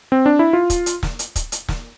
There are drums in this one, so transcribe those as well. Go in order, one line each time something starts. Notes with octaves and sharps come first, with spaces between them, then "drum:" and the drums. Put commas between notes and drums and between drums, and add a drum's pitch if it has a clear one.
C4
D4
E4
F4
drum: kick, hi-hat
drum: hi-hat
drum: snare
drum: hi-hat
drum: kick, hi-hat
drum: hi-hat
drum: snare